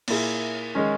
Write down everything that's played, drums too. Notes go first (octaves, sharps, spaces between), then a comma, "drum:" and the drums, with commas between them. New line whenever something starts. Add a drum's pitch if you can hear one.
A#2 A#3 E4 G#4, drum: cymbal
D#3 G#3 C#4